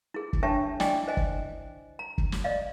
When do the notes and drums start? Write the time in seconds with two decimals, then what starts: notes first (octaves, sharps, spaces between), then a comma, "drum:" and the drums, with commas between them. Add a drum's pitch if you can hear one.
0.14 E4 G#4
0.33 drum: kick
0.43 D4 C#5 E5 G5 A5 C#6
0.80 E4 D5 D#5 G5 G#5 D6, drum: snare
1.08 C5 D#5 G#5
1.17 drum: kick
1.99 A#5
2.18 drum: kick
2.32 drum: snare
2.44 D5 D#5 F5